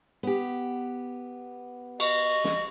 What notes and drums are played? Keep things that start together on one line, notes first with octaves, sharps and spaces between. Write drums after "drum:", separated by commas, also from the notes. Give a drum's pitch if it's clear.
B3 G4
D#5 C#6, drum: cymbal
drum: snare